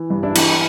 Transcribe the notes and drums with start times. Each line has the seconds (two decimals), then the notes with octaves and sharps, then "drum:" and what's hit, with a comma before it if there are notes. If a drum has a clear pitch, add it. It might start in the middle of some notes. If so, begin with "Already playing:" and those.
Already playing: E3
0.10 G2
0.23 D4 E4
0.35 E3, drum: cymbal